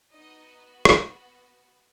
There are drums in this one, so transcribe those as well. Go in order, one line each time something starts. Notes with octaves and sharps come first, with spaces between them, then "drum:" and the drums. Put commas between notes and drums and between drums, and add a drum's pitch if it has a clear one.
B3 D#4 F#4 D#5
drum: rim click